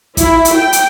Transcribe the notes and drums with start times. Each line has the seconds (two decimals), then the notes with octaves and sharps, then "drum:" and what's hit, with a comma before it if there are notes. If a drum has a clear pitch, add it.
0.17 E4, drum: kick, hi-hat
0.45 drum: hi-hat
0.55 G5
0.73 drum: hi-hat